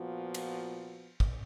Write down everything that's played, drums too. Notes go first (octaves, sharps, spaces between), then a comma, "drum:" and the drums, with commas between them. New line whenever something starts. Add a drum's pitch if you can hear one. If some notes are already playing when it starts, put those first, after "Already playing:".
Already playing: A#2 F3 B3 F#4
drum: cymbal
drum: kick